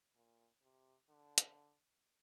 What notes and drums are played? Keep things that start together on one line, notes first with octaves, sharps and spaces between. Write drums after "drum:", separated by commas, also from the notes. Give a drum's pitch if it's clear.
A#2
C3
D3
drum: hi-hat